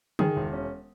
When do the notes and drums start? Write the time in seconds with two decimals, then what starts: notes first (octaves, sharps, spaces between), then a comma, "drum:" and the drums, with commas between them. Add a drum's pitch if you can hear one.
0.19 D#3 G#4, drum: tom
0.36 E1
0.53 C#4